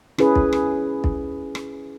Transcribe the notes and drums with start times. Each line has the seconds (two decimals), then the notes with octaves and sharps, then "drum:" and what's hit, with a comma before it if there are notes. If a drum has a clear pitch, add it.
0.18 C#4 E4 G#4 B4, drum: rim click
0.35 drum: kick
0.53 drum: rim click
1.04 drum: kick
1.55 drum: rim click